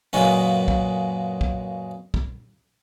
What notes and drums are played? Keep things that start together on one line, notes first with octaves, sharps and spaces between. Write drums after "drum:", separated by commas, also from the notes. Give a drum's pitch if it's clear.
F#2 A#2 C#3 G#3 B3
drum: kick
drum: kick
drum: kick